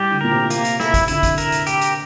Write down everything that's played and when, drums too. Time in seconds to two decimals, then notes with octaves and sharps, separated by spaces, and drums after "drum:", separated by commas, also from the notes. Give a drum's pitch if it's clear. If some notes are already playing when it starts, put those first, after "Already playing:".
Already playing: A2 G3 G4
0.11 D3
0.21 A#2 A#4
0.31 C3
0.50 A#3, drum: hi-hat
0.65 drum: hi-hat
0.80 E4, drum: snare
0.94 drum: kick, hi-hat
1.08 D3 E4, drum: hi-hat
1.23 drum: kick, hi-hat
1.38 A#4, drum: hi-hat
1.52 drum: hi-hat
1.67 G4, drum: hi-hat
1.81 drum: hi-hat